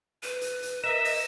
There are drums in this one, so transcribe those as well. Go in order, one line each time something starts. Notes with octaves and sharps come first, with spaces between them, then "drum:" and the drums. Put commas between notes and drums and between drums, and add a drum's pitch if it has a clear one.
B4, drum: hi-hat
drum: hi-hat
drum: hi-hat
A#4 D#5 E5 E7
drum: open hi-hat